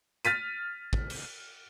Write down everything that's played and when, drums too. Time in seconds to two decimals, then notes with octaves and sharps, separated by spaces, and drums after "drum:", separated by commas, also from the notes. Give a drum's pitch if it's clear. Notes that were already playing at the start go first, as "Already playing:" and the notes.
0.25 F6 A6 B6 D#7, drum: hi-hat
0.93 drum: kick
1.10 drum: cymbal